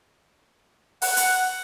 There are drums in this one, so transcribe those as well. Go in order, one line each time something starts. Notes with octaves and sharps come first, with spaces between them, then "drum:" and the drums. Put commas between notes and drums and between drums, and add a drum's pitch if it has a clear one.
F#5, drum: open hi-hat
drum: hi-hat